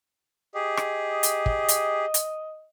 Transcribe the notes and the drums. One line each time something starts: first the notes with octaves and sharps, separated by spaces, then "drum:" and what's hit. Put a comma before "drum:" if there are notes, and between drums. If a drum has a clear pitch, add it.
G4 G#4 D#5
drum: rim click
drum: hi-hat
drum: kick
drum: hi-hat
drum: hi-hat